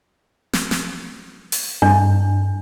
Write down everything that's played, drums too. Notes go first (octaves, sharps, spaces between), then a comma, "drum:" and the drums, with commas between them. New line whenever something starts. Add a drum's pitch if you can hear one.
drum: snare
drum: snare
drum: open hi-hat
G2 D4